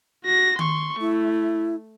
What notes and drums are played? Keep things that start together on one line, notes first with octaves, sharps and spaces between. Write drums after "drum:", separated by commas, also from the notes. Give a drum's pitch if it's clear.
F#4 A#6
C6 C#6, drum: tom D#3
A3 E4